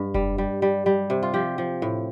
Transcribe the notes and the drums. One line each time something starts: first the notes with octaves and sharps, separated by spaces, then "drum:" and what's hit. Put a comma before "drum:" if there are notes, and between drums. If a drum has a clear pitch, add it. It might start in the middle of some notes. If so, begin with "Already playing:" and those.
Already playing: G2
G3, drum: kick F1
G3
G3
G3
C3
F4
F3 G4
F3
A2